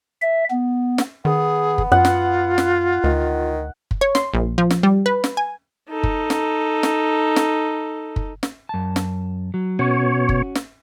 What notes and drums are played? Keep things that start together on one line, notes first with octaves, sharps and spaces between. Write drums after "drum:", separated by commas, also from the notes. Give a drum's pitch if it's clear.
E5
B3
drum: snare
D#3 B3 G#4
drum: kick
F#2 F4 F#5
drum: snare
drum: snare
D2 D#3
drum: kick
C#5
C6, drum: snare
A#1
F3
drum: snare
G3
B4
drum: snare
G#5
D#4 A4
drum: kick
drum: snare
drum: snare
drum: snare
drum: kick
drum: snare
F#2 A5
drum: snare
F#3
B2 C#4 F#4 C#5
drum: kick
drum: snare